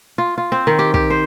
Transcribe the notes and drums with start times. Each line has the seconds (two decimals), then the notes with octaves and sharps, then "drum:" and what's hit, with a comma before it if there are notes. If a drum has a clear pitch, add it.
0.18 F4
0.38 F4
0.52 C4
0.67 D#3
0.79 G4
0.94 G4, drum: kick
1.10 C5